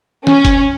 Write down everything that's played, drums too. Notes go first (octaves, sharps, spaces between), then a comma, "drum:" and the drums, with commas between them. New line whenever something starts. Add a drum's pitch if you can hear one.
C#4, drum: snare
drum: kick F#1, hi-hat